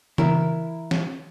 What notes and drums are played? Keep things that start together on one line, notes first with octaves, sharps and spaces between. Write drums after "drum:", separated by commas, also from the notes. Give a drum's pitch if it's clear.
E3 E4 A#4, drum: tom C#3
drum: snare